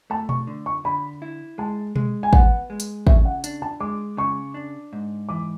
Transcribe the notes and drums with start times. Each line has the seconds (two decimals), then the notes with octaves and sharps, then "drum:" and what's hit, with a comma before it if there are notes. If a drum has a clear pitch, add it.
0.10 A3 A5
0.29 C#6, drum: tom B2
0.47 D3
0.66 C#6
0.85 D3 B5
1.22 E4
1.58 G#3 A5
1.96 G#3, drum: tom B2
2.23 G#5
2.33 B3 F#5, drum: kick
2.70 G#3
2.80 drum: hi-hat
3.07 C#3 E5, drum: kick
3.25 F#5
3.44 D4, drum: hi-hat
3.62 A5
3.80 G#3 D6
4.17 C#3 C#6
4.54 D4
4.93 G#2
5.29 E3 D6